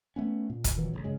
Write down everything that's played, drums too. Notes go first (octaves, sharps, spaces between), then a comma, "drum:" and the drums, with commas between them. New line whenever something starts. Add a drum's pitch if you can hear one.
A3 B3 C#4
A#2
drum: kick, hi-hat
A#2 D#3 E3 F#3
A1 A#2 C#3
F#2 C#3 G#3